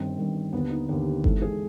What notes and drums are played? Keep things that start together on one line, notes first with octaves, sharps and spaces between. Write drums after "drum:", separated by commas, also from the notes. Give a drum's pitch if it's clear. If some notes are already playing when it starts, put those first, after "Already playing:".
Already playing: G1 G2 D#3 C4
G1 G2 D#3
D#2 D3 B3
D#4
D#2 D3 G4
G#1 G#2 E3 A4, drum: kick G1
G#4